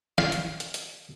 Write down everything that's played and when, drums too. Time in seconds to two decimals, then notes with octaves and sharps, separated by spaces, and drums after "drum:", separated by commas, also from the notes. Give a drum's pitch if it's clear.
0.18 F5, drum: snare
0.32 drum: hi-hat
0.60 drum: hi-hat
0.74 drum: hi-hat